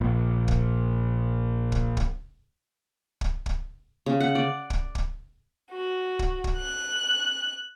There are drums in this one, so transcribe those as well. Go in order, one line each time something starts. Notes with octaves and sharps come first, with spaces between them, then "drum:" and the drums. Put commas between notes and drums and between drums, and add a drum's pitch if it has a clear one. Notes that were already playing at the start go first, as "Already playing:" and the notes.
A#1 A#2
drum: kick
drum: kick
drum: kick
drum: kick
drum: kick
C#3
F#5
D5
drum: kick
drum: kick
F#4
drum: kick
drum: kick
F#6